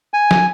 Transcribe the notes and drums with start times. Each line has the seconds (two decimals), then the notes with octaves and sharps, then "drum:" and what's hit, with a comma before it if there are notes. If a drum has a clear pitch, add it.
0.14 G#5
0.31 drum: snare